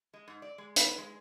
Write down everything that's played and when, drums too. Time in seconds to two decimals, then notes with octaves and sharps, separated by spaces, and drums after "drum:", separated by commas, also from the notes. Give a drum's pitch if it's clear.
0.14 G#3
0.28 G#2
0.42 D5
0.58 G#3
0.76 B4, drum: hi-hat
0.98 G#3